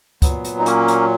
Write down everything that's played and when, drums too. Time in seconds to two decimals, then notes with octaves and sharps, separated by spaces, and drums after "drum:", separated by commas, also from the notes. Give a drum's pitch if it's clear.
0.22 A#2 F#3 B3, drum: kick, hi-hat
0.44 drum: hi-hat
0.59 D#4
0.66 A#3 C#4, drum: hi-hat
0.88 drum: hi-hat